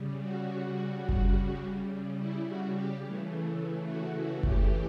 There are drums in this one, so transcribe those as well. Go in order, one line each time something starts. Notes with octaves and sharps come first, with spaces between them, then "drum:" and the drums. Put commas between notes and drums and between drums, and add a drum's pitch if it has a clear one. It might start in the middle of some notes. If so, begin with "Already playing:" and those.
Already playing: C#3 G3
F#4
drum: kick F#1
E4
F#4
G4
C#3 E3 A3
F#4
F#4
G4, drum: kick F#1